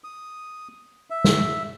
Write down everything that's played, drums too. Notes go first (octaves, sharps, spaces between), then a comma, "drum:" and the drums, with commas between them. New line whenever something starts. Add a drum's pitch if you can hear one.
D#6
E5
drum: snare